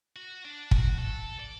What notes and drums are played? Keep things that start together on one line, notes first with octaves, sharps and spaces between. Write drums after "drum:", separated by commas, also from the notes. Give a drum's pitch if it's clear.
F#4
D4
F#4, drum: kick
A4
D5